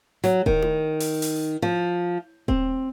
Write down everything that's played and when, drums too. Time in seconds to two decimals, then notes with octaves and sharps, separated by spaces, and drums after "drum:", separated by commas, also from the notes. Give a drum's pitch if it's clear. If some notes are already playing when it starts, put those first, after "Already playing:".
0.24 F#3, drum: snare
0.46 D#3, drum: kick D#1
0.62 drum: tom E4
1.00 drum: open hi-hat
1.22 drum: open hi-hat
1.62 F3
2.48 C4, drum: kick D#1